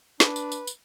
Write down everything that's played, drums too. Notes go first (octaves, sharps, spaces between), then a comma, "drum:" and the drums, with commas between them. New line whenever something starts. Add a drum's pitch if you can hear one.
D4 B4, drum: snare
drum: tambourine
drum: tambourine
drum: tambourine